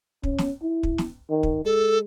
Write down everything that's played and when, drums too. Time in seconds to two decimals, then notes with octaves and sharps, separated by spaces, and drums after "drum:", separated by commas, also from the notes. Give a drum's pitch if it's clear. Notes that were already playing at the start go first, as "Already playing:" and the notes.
0.23 C#4, drum: kick
0.38 drum: snare
0.63 E4
0.83 drum: kick
0.98 drum: snare
1.30 D#3
1.43 drum: kick
1.65 G#3 A4